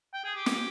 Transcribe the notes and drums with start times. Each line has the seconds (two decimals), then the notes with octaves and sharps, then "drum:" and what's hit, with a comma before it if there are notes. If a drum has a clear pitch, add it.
0.14 G5
0.24 G#4
0.35 G4
0.46 drum: snare